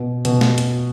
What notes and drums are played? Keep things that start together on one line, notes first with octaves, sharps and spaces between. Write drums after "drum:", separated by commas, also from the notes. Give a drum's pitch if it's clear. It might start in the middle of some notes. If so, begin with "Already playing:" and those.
Already playing: B2
B2, drum: hi-hat
drum: snare
drum: hi-hat